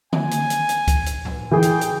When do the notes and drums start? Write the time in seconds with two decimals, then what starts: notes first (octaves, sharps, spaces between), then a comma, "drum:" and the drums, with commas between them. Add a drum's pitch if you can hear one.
0.13 G#5, drum: tom D3
0.31 drum: hi-hat
0.50 drum: hi-hat
0.69 drum: hi-hat
0.88 drum: kick C#2, hi-hat
1.06 drum: hi-hat
1.25 drum: tom
1.51 E3 G#4 G5
1.63 drum: hi-hat
1.81 drum: hi-hat